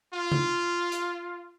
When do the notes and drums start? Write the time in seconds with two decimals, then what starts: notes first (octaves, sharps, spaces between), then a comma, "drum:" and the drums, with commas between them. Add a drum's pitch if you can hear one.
0.14 F4
0.32 drum: tom C3
0.92 drum: hi-hat